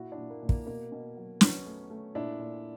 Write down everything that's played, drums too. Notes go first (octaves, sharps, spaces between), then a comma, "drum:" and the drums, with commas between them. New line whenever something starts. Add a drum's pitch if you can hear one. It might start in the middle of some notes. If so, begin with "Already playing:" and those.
Already playing: A#2 E4 F#4
D4 E4
A#2
A#3
A#2
A#3, drum: kick
B2 A#3
B2
F#3
F#3 B3 C#4, drum: snare
A3
A3
A#2 D4 E4
A#2